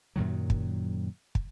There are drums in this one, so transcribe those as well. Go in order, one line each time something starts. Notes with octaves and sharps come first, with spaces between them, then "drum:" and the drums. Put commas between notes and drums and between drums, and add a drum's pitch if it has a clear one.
F#2 A#2 D#3 F#3
drum: kick
drum: kick